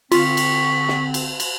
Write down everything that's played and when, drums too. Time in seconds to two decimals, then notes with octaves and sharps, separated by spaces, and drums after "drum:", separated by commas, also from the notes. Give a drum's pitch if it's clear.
0.12 D3 C4 F4 C#6 B6, drum: cymbal
0.37 drum: cymbal
0.88 drum: snare
1.14 drum: cymbal
1.40 drum: cymbal